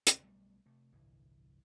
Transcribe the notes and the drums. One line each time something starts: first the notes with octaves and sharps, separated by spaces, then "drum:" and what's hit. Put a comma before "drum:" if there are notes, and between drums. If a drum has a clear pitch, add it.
D2 C3, drum: hi-hat
B1 G3 A3
C3 A3
G1 C2 A2 E3